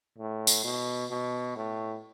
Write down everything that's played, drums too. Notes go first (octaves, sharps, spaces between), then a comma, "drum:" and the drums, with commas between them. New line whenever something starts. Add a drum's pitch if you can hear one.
A2
drum: tambourine
B2
B2
A2